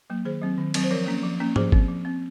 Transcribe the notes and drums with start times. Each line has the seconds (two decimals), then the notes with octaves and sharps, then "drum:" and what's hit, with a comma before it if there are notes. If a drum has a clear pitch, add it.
0.10 F#3 A#3
0.25 D#3 G#4 C5
0.42 F#3 C4
0.58 D#3
0.74 F#3 C4, drum: cymbal
0.84 C5
0.91 F3 A#4 C#5
1.06 A#3 C#4
1.23 F3
1.40 A#3 C#4
1.56 F3 G#4 C5, drum: tom G#2
1.72 C4, drum: kick
1.89 F3
2.05 C4